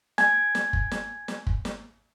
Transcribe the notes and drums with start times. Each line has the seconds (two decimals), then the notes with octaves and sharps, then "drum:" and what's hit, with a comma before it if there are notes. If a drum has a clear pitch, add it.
0.18 G#5 G#6, drum: snare
0.55 drum: snare
0.73 drum: kick
0.91 drum: snare
1.28 drum: snare
1.47 drum: kick
1.65 drum: snare